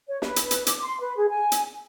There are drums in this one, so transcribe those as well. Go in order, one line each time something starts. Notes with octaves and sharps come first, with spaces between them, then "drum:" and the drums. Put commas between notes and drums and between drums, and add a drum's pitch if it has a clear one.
C#5
B4, drum: snare
drum: hi-hat
drum: hi-hat
D6, drum: hi-hat
C6
B4
G#4
G#5
drum: hi-hat